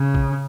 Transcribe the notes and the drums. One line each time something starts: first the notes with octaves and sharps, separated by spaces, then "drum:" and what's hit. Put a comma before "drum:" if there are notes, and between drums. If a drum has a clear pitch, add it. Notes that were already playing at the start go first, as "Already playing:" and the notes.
Already playing: C#3
drum: kick